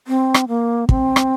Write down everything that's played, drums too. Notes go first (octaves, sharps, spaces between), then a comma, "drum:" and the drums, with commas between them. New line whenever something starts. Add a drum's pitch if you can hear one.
C4
drum: rim click
A#3
C4, drum: kick
drum: rim click